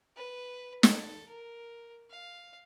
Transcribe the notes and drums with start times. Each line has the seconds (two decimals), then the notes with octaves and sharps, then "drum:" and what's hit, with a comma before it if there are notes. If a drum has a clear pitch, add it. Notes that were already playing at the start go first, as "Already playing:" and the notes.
0.16 B4
0.83 A4, drum: snare
1.29 A#4
2.10 F5